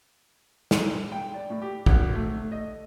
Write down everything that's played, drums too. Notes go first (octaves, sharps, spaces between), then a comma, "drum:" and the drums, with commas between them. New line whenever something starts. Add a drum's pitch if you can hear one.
drum: snare
G5
D5
A2
G4
G#1, drum: kick
A3
A3
D#5